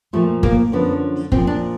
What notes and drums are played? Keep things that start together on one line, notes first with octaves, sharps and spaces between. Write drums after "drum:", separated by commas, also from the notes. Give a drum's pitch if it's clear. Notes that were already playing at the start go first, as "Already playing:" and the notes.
A#2 F3 A3
A#3, drum: kick
F#2 D3 F3 B3
A#2 F3 C4, drum: kick
D4